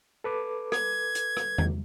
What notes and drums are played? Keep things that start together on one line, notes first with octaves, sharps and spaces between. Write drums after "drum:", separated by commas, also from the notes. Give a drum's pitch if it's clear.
A4 B4 D6
G#6, drum: rim click
drum: hi-hat
drum: rim click
drum: tom E2